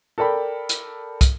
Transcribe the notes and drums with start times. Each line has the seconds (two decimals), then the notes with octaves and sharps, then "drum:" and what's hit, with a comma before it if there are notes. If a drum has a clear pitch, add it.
0.18 A4 A#4 D5 G5 B5
0.69 drum: hi-hat
1.21 drum: kick, hi-hat